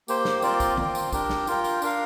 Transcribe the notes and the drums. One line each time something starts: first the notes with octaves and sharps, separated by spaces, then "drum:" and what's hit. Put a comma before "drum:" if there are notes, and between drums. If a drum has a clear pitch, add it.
A#3 G4 C5 G5, drum: tambourine
drum: snare
C4 F4 A#4 D5 G5, drum: tambourine
drum: kick, tambourine
C4 F4 A#4 G5, drum: tom D3
drum: tambourine
D4 G4 A#4 G5, drum: kick, tambourine
drum: snare
F4 A#4 G5, drum: tambourine
drum: tambourine
D4 A#4 F5, drum: tambourine